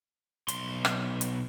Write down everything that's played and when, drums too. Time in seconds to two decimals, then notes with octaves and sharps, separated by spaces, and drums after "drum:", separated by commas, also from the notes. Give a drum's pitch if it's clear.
0.48 B1 C6, drum: hi-hat
0.85 drum: rim click
1.21 drum: hi-hat